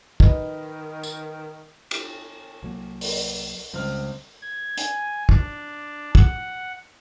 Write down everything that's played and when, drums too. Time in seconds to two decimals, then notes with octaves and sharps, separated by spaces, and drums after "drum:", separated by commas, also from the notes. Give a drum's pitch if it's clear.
0.20 D#3 D#4 B4, drum: kick
1.03 drum: tambourine
1.91 drum: cymbal
2.63 C2 F#3 A#3
3.01 drum: open hi-hat
3.73 C#2 G3 C4 F6
4.42 G#6
4.78 G#5, drum: hi-hat
5.29 D4, drum: kick
6.15 F#5, drum: kick